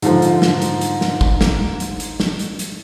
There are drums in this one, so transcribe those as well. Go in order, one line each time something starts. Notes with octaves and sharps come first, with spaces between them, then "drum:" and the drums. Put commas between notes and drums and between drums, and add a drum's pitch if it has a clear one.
G#2 D3 F3, drum: hi-hat
drum: hi-hat
drum: snare
drum: hi-hat
drum: hi-hat
drum: snare
drum: kick
drum: snare
drum: hi-hat
drum: hi-hat
drum: snare
drum: hi-hat
drum: hi-hat